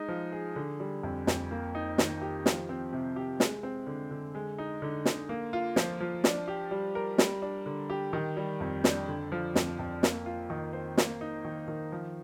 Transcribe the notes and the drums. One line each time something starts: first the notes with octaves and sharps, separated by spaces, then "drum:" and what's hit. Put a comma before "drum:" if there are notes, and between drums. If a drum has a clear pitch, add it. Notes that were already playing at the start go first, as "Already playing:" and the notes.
Already playing: G#3 D#4
F3
G#4
D3
G3
F2
F2, drum: snare
A#3
D#4
D#3, drum: snare
G4
F3, drum: snare
C4
C3
G4
G#3, drum: snare
C4
D3
D3
G#3
D#4
D3
D3, drum: snare
A#3
F4
F3, drum: snare
F3
D4, drum: snare
G4
G3
A#4
G3, drum: snare
D4
D3
G4
D#3
G3
F2
D4, drum: snare
D3
F3
F2, drum: snare
F2
A#3, drum: snare
F4
D#3
C5
A#3, drum: snare
D#4
D#3
D#3
F3